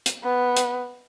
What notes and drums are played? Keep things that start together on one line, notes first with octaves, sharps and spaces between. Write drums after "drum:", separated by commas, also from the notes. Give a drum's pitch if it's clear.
drum: hi-hat
B3
drum: hi-hat